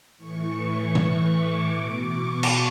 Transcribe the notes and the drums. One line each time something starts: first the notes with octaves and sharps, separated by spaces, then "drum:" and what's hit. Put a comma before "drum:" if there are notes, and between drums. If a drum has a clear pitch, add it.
A2 E3 C#6
A2 E3, drum: tom
D6
B2
C#6
drum: cymbal